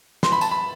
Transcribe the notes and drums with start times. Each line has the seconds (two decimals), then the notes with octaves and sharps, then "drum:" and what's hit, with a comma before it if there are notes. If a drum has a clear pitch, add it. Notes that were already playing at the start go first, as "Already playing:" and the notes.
0.23 C6, drum: snare
0.32 B5
0.41 A5, drum: tambourine
0.51 B5